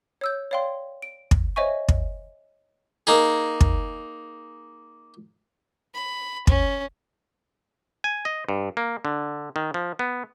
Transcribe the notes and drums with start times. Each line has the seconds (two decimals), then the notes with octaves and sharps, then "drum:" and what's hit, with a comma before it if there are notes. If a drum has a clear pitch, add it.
0.21 C#5 E6 G6
0.51 C#5 D5 F5 G5 C6
1.02 D7
1.31 drum: kick
1.56 C5 C#5 D#5 E5 G#5 C#6
1.89 drum: kick
3.07 A#3 D#4 G#4
3.61 drum: kick
5.94 B5
6.47 C#4, drum: kick
8.04 G#5
8.25 D#5
8.49 G2
8.77 A#3
9.05 D3
9.56 D#3
9.74 F3
9.99 B3